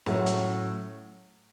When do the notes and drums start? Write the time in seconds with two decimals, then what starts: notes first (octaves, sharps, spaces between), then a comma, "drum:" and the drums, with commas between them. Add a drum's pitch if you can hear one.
0.06 A2 F#3 C#4 F#4, drum: snare
0.26 drum: hi-hat